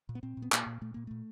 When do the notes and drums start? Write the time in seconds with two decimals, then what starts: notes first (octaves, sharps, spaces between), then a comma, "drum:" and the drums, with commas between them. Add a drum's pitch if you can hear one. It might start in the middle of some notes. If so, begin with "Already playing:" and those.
0.09 A#2
0.15 B3
0.23 A#2 C4
0.37 A#2
0.42 B3
0.52 A#2 A#3, drum: clap
0.67 A#2
0.81 A#2 A3
0.94 A#2 A#3
1.07 A#2 A3